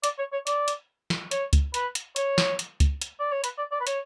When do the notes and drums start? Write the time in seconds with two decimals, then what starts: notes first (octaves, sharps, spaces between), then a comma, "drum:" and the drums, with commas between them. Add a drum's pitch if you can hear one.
0.04 D5, drum: hi-hat
0.18 C#5
0.33 C#5
0.47 D5, drum: hi-hat
0.68 drum: hi-hat
1.10 drum: snare
1.31 C#5, drum: hi-hat
1.53 drum: kick C#2, hi-hat
1.74 B4, drum: hi-hat
1.95 drum: hi-hat
2.16 C#5, drum: hi-hat
2.38 drum: snare
2.59 drum: hi-hat
2.80 drum: kick C#2, hi-hat
3.02 drum: hi-hat
3.20 D5
3.32 C#5
3.44 B4, drum: hi-hat
3.58 D5
3.72 D5
3.81 B4
3.87 C#5, drum: hi-hat